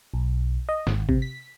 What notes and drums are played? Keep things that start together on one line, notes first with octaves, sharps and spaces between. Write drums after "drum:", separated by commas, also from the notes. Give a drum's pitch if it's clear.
B1
D#5
G#1, drum: snare
C3, drum: kick G#1
B6